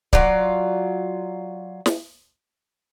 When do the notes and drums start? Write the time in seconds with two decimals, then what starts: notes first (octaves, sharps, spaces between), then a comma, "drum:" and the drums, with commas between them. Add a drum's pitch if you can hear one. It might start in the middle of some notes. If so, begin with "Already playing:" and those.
0.13 F#3 F4 D5, drum: kick C#1
1.86 drum: snare